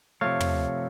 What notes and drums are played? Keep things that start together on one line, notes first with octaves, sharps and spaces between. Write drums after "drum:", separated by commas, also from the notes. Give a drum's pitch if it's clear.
C3 F3 A3 C#5 F5
drum: tom